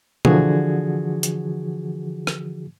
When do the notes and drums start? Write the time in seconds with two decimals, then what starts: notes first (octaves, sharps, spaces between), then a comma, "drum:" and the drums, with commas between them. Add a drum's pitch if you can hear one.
0.25 D3 E3 F3 F#4 G#4 G#6, drum: tom B2
1.23 drum: hi-hat
2.27 drum: rim click